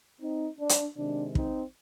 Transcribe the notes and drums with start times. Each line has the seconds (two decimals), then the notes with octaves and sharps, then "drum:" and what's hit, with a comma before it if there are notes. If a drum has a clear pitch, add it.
0.21 C4 D#4
0.59 D4
0.69 drum: hi-hat
0.97 C3 D#3 G#3 D4
1.35 C4 D#4, drum: kick